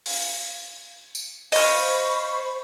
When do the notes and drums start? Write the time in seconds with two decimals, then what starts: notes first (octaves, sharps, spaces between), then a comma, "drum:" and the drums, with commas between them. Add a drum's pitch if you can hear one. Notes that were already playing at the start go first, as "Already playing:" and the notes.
0.06 drum: open hi-hat
1.15 drum: tambourine
1.52 C5 D#5 B5 C#6 F6, drum: open hi-hat